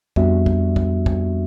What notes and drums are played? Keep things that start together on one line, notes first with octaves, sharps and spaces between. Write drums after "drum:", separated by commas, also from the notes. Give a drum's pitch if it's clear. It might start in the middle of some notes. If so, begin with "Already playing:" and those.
F2 G3 B3 D4 F#4 E5, drum: kick
drum: kick
drum: kick
drum: kick